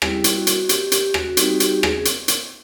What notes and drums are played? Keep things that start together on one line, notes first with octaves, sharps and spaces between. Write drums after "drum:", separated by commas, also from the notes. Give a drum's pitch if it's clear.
G3 C4 E4 G4, drum: rim click
drum: hi-hat
F#4
drum: hi-hat
G4, drum: hi-hat
G4, drum: hi-hat
F#4, drum: rim click
G3 C4 D#4 F#4 G4, drum: hi-hat
G4, drum: hi-hat
G#4, drum: rim click
drum: hi-hat
drum: hi-hat